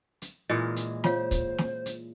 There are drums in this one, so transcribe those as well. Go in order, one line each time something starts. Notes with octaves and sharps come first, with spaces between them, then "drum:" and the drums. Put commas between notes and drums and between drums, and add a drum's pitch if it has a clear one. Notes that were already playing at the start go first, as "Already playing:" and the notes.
drum: hi-hat
A#2 E3 G#3 A#4 D#5
drum: hi-hat
F4 C5 C#5 F5, drum: snare
drum: kick, hi-hat
drum: snare
drum: hi-hat